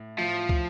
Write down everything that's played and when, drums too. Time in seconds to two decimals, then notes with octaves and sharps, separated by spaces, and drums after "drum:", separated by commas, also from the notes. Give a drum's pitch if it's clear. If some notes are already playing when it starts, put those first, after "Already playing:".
Already playing: A2
0.18 A2 F3
0.49 drum: kick